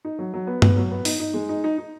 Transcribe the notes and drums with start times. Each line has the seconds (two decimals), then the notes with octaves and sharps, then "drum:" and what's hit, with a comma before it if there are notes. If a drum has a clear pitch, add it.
0.05 D#4
0.19 F#3
0.34 F#3
0.47 B3
0.62 B3, drum: tom G2
0.76 F#3
0.91 B3
1.05 D#4, drum: open hi-hat
1.20 D#4
1.34 G#3
1.49 D#4
1.64 D#4
1.78 D#4